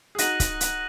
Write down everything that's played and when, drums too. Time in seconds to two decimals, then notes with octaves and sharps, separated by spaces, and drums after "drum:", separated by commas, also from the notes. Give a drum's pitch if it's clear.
0.15 G#4
0.18 D#4 F#4 F#6 A#6 D#7 F#7, drum: hi-hat
0.40 drum: kick C#1, hi-hat
0.61 drum: hi-hat